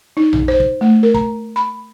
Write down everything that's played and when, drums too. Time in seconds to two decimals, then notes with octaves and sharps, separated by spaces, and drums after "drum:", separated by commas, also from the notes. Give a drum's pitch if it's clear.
0.17 D#4
0.33 drum: tom A#1
0.48 C5
0.60 drum: kick
0.81 A3
1.03 A#4
1.14 A#5, drum: kick
1.56 B5